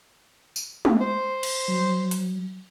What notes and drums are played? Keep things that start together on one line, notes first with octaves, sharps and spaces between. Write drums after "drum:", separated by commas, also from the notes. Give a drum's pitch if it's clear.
drum: tambourine
drum: tom G#3
C5
drum: cymbal
F#3
drum: hi-hat